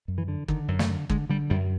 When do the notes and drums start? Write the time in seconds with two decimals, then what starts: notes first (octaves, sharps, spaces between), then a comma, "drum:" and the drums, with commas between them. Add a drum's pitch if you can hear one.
0.08 F#2
0.18 E3
0.28 D3
0.48 D3 D#3, drum: kick
0.68 F#2
0.79 A3, drum: snare
0.89 D3
1.09 D3 G#3, drum: kick
1.29 D3 G3
1.50 F#2 G3